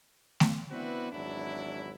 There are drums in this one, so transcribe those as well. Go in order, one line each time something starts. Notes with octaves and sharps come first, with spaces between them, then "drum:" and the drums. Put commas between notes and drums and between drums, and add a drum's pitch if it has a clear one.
drum: snare A3
B3 C4 D4 E4 F#4 B4
G#1 E2 F#3 D4 E4